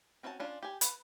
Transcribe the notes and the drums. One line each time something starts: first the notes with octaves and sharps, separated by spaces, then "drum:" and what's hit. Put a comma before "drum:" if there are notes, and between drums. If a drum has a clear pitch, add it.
C4 C#4 F#4 D#5 A5
C#4 D4 F4
G4 G#5
B4, drum: hi-hat